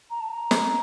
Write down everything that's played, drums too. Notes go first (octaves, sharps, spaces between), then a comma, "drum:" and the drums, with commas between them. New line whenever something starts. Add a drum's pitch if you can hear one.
A#5
A5
A#5
drum: snare